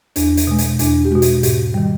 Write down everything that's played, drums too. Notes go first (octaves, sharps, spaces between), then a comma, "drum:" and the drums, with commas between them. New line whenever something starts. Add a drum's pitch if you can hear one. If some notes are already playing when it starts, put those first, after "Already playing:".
E2 D4, drum: hi-hat
drum: hi-hat
B2 G#3
drum: hi-hat
E2 D4, drum: hi-hat
G4
B2 G#3 F#4
drum: hi-hat
G#2 G4, drum: hi-hat
D#3 G3